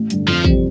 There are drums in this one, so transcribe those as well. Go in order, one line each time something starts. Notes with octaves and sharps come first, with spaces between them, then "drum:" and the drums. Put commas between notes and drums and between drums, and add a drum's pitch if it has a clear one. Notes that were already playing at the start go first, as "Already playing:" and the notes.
Already playing: A1
G2 D3, drum: hi-hat
F2 F3
C3 G3 C4, drum: kick